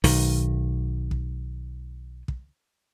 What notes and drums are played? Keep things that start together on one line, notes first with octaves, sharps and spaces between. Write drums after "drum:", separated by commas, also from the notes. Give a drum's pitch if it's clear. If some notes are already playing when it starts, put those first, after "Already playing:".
B1 D#3, drum: open hi-hat
drum: kick
drum: kick